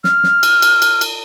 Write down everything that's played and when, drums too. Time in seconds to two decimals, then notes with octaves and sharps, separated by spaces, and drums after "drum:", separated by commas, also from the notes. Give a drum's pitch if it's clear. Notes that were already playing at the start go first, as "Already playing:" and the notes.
0.04 F6, drum: snare
0.24 drum: snare
0.43 drum: cymbal
0.62 drum: cymbal
0.82 drum: cymbal
1.01 drum: cymbal